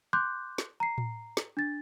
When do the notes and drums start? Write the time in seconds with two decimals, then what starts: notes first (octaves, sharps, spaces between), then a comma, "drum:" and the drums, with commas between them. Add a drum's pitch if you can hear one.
0.13 C6 D6 F#6 G6
0.58 drum: snare
0.80 A#5 C7
0.98 drum: tom A2
1.37 drum: snare
1.57 D4 A6